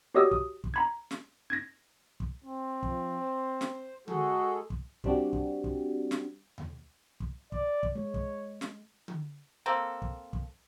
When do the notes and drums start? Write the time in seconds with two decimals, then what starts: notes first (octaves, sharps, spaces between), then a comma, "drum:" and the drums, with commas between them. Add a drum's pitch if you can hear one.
0.15 F#4 G4 C#5 D#5 D#6 E6
0.31 D#6, drum: kick
0.64 drum: kick
0.74 A#5 B5 G#6
1.11 drum: snare
1.50 G#6 A#6
2.20 drum: kick
2.45 C4
2.83 F3, drum: kick
3.19 C5
3.61 drum: snare
4.08 G#3 F#4 G#4 A4, drum: tom D3
4.70 drum: kick
5.04 G3 C4 D4 F#4 G4, drum: kick
5.33 drum: kick
5.64 drum: kick
6.11 drum: snare
6.58 drum: tom D#2
7.20 drum: kick
7.52 D5, drum: kick
7.83 drum: kick
7.95 G#3 C#5
8.14 drum: kick
8.61 drum: snare
9.08 drum: tom D3
9.66 A#3 C4 A4
10.02 drum: kick
10.33 drum: kick